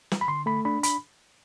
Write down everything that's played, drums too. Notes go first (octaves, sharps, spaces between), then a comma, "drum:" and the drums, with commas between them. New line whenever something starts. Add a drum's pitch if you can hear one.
drum: snare
B5
D3 C6
A3 B5
D4 B5
B5, drum: hi-hat